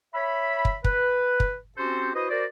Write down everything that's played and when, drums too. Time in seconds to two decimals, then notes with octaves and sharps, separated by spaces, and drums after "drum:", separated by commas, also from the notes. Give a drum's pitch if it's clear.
0.14 C#5 E5 B5
0.65 drum: kick
0.84 B4, drum: kick
1.40 drum: kick
1.78 C4 C#4 F#4 G4 A4 C5
2.15 E4 F#4 B4 C5 D#5
2.29 F#4 A#4 C5 D5